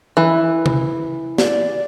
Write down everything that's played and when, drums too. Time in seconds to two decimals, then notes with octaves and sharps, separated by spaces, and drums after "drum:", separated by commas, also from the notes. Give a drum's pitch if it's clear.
0.17 E3
0.66 drum: tom C3
1.38 D5, drum: snare